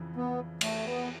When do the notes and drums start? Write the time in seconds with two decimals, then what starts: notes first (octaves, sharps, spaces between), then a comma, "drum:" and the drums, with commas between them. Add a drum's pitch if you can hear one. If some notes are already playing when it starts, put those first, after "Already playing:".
Already playing: F2 C#3 E3
0.16 B3
0.61 A3, drum: cymbal
0.85 B3